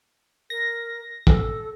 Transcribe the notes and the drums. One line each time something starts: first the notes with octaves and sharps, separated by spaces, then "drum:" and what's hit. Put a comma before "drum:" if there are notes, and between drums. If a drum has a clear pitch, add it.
A#4 A#6
A4, drum: kick